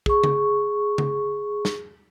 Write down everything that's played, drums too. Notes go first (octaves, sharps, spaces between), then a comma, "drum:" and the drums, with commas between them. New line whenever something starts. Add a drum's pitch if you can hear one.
G#4 C#6, drum: kick
drum: tom C#3
drum: tom C#3
drum: snare